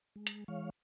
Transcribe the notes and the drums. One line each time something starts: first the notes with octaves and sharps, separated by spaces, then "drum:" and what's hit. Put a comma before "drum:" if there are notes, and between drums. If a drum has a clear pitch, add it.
G#3
drum: hi-hat
E3 G#3 C#5 F5